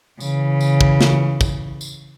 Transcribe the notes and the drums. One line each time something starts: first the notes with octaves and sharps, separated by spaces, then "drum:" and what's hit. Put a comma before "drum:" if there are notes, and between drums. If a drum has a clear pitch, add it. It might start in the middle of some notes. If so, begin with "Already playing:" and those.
C#3 E3, drum: tambourine
drum: tambourine
drum: kick
drum: snare
drum: kick, tambourine
drum: tambourine